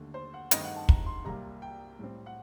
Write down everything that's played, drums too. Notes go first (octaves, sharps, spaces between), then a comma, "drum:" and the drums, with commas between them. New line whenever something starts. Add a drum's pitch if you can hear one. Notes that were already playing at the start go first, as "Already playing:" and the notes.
Already playing: D#2 D3 A3
C5
F#5
G2 D#3 A3 C4 D#5, drum: hi-hat
F#5
A5
A#5, drum: kick
C6
C2 C3 G3 A#3 A#5
G5
A2 G3 C4
F#5